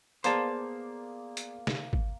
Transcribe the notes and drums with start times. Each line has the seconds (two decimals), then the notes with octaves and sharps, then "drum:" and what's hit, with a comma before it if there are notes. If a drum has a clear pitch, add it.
0.24 A#3 B3 G#4 C5 D5 A5, drum: hi-hat
1.37 drum: hi-hat
1.67 drum: snare
1.93 drum: kick G#1